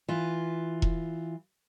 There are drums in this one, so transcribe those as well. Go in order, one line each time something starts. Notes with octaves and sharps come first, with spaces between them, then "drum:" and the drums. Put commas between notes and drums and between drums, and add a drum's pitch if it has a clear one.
E3 F4
drum: kick E1